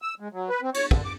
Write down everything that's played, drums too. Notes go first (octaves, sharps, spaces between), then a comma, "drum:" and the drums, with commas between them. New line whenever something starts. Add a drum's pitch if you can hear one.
E6
G#3
F#3
B4
C4
C#5, drum: cymbal
D3, drum: kick
D6